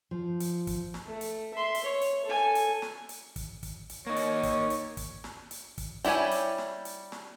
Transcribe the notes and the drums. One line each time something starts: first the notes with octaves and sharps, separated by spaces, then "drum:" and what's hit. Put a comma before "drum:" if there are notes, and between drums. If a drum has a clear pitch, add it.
F3
drum: hi-hat
drum: kick, hi-hat
drum: snare
A3
drum: hi-hat
E5 C6
drum: hi-hat
C#5
drum: hi-hat
A4 G#5
drum: hi-hat
drum: snare
drum: hi-hat
drum: kick, hi-hat
drum: kick, hi-hat
drum: hi-hat
A#3 D#4 C#5
drum: hi-hat
drum: kick, hi-hat
drum: hi-hat
drum: kick, hi-hat
drum: snare
drum: hi-hat
drum: kick, hi-hat
G3 E4 G4 C#5 G#5, drum: hi-hat
drum: hi-hat
drum: snare
drum: hi-hat
drum: snare